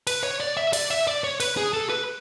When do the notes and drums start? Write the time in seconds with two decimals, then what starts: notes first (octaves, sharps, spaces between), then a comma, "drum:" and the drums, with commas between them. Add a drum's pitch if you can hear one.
0.07 B4, drum: cymbal
0.23 C#5
0.40 D5
0.57 E5
0.73 D5, drum: cymbal
0.91 E5
1.07 D5
1.24 C#5
1.40 B4, drum: cymbal
1.57 G#4
1.73 A4
1.90 B4